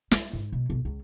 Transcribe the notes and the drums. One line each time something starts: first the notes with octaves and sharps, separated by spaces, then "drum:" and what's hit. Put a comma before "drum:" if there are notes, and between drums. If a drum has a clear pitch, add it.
G3, drum: snare
G#2
B2
B1
C#2